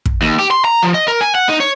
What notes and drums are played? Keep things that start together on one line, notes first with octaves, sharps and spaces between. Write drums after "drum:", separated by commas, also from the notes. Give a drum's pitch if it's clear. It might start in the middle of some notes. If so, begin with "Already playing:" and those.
drum: kick
D#2
G4
C6
A#5
F3
D#5
A#4
G#5
F#5
D#4
C#5